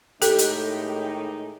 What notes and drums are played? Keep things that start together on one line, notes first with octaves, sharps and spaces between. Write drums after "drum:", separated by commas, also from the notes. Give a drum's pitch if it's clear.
A2 D#3 G#3 D#4 G4 A4, drum: hi-hat
drum: hi-hat